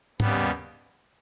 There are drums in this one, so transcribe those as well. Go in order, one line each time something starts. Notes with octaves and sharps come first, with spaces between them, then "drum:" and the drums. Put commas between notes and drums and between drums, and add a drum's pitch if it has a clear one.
D#2 C#3 G3 B3, drum: tom G#2